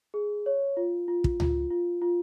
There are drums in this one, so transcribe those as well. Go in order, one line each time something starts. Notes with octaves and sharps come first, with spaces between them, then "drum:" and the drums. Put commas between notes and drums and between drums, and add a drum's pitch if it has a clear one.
G#4
C#5
F4
F4
drum: kick
F4, drum: tom C#2
F4
F4